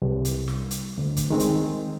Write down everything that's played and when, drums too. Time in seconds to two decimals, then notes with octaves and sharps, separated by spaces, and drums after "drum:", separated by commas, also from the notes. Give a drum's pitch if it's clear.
0.02 C2
0.25 drum: hi-hat
0.48 drum: snare
0.71 drum: hi-hat
0.98 D2
1.17 drum: kick, hi-hat
1.30 D#3 G#3 C4
1.40 drum: hi-hat